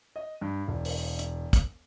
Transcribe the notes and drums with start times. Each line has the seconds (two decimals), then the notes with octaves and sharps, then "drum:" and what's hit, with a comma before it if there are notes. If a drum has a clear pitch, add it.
0.16 D#5
0.41 G2
0.68 E1
0.85 drum: open hi-hat
1.19 drum: hi-hat
1.53 drum: kick, hi-hat